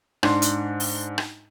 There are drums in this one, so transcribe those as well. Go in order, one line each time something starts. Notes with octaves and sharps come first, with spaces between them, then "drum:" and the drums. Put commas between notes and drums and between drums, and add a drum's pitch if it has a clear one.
G#2 D4 C6, drum: rim click
drum: hi-hat
drum: open hi-hat
drum: rim click